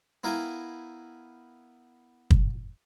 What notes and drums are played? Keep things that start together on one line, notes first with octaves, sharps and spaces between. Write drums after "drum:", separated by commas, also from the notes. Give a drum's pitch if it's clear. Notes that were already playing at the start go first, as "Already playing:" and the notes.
B3 E4 A#4 F5 G5 G#5
drum: kick